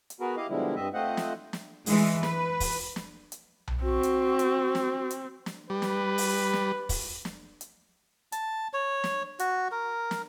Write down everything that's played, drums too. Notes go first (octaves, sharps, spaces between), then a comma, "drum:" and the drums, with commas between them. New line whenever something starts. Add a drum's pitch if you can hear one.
drum: hi-hat
B3 F#4 G#4 A#4 B4
E4 G4 D#5 F5
B2 D3 F3 G3 G#3 E4
G2 C4 D#5 E5
A3 C4 F4 C5 D#5 F#5
drum: snare
drum: snare
E3 G#3, drum: open hi-hat
B4, drum: snare
drum: kick, open hi-hat
drum: snare
drum: hi-hat
drum: tom B1
C4 F#4
drum: hi-hat
drum: hi-hat
drum: snare
drum: hi-hat
drum: snare
G3 B4
drum: snare
drum: open hi-hat
drum: snare
drum: kick, open hi-hat
drum: snare
drum: hi-hat
A5, drum: hi-hat
C#5
drum: snare
F#4, drum: hi-hat
A#4
drum: snare